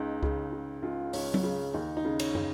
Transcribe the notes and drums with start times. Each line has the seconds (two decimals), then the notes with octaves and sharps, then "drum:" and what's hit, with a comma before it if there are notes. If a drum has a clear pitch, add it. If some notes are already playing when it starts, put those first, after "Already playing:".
Already playing: C#2 D#4
0.23 C#3, drum: kick C#2
0.52 C#3
0.83 C#2 F4
1.13 C#2 C#4, drum: open hi-hat
1.34 drum: tom F#3
1.44 C#3
1.74 D#2 D#4
1.97 D#4
2.05 C#3
2.19 C#5, drum: cymbal
2.35 C#3, drum: tom